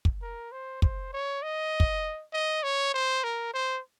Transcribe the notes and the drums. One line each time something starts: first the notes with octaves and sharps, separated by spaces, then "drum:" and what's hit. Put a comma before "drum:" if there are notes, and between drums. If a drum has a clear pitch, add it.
drum: kick
A#4
C5
C5, drum: kick
C#5
D#5
drum: kick
D#5
C#5
C5
A#4
C5